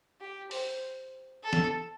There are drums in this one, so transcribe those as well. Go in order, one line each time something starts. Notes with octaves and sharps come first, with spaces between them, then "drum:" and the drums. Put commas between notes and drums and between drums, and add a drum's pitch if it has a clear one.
G4
C5, drum: open hi-hat
A4
drum: snare